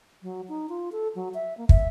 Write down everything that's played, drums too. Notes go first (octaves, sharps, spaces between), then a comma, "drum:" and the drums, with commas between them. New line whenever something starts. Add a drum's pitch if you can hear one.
F#3
D#4
F4
A4
F#3
E5
A#3
E5, drum: kick